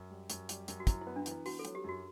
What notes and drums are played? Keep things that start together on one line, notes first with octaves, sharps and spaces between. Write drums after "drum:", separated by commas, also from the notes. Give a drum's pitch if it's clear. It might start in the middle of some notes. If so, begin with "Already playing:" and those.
Already playing: F#2
G3
F#2, drum: hi-hat
G3, drum: hi-hat
F#2, drum: hi-hat
F#4
F#2 E4, drum: kick, hi-hat
E4
B3
D4
E3, drum: hi-hat
E4
B3 F#4, drum: open hi-hat
A4
F#3, drum: hi-hat
G4
F#2 F#4